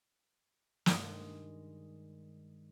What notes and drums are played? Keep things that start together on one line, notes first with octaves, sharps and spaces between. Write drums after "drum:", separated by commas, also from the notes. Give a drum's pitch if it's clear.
G2 D#3 G#3, drum: snare